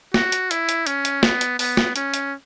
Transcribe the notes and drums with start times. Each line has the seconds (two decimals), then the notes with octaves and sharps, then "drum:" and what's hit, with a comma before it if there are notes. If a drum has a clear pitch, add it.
0.14 F#4, drum: snare
0.32 drum: hi-hat
0.51 E4, drum: hi-hat
0.69 drum: hi-hat
0.87 C#4, drum: hi-hat
1.05 drum: hi-hat
1.23 B3, drum: snare
1.41 drum: hi-hat
1.59 B3, drum: open hi-hat
1.77 drum: snare
1.96 C#4, drum: hi-hat
2.14 drum: hi-hat